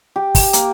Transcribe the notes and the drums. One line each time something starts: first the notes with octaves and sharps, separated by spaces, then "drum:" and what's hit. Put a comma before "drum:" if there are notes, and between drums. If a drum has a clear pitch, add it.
G4
drum: kick, open hi-hat
A#3, drum: hi-hat